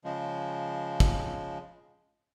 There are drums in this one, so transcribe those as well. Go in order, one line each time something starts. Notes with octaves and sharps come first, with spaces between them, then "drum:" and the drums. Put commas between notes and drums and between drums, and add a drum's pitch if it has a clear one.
C#3 F3 G#3
drum: kick